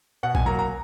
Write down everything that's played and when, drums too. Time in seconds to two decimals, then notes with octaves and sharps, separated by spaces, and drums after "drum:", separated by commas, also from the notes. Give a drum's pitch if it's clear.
0.23 B2 F#5
0.35 G#5, drum: kick
0.46 F#3 A#3 A#5
0.59 A#5